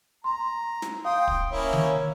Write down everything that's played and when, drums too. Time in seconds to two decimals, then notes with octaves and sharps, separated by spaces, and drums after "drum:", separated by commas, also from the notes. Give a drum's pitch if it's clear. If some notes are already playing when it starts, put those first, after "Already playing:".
0.24 A#5 C6
0.82 drum: snare
1.05 F5 G5 C6 D#6
1.27 drum: kick
1.51 A#3 C#4 E4 C#5
1.73 drum: tom D#3